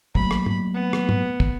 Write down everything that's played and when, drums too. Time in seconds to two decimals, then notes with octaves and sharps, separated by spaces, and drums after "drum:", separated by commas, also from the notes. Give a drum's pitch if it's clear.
0.15 F#3 A3 A#3 B5, drum: kick
0.31 drum: rim click
0.46 drum: tom
0.74 B3
0.93 drum: rim click
1.09 drum: tom
1.40 drum: kick